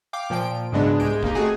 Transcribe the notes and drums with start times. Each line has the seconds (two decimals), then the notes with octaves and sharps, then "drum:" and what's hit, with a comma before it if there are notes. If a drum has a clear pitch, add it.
0.13 F5 G5 D6
0.30 A#2 F3 G5 D7
0.72 G#2 C#3 F#3 G#3 B3 D4
1.00 C2 G#2 G#3 G6 D7
1.22 D#2 A#3 D#4 G4, drum: kick
1.35 A3 C4 D#4 F#4 G#4